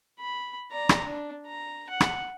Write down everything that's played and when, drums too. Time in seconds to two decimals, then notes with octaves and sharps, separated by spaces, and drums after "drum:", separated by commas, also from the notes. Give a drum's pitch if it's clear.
0.20 B5
0.71 D5 A#5
0.89 drum: rim click
1.05 D4
1.46 A#5
1.90 F#5
2.00 drum: rim click